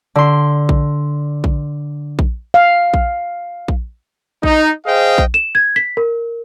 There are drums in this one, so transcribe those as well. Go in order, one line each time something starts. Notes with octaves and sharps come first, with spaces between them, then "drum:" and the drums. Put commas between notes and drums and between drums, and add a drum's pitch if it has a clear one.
D3 C6
drum: kick A#1
drum: kick A#1
drum: kick A#1
F5
drum: kick A#1
drum: kick A#1
D#4, drum: kick A#1
G#4 C5 D#5 F5 G5
drum: kick A#1
E7
G#6
B6
A#4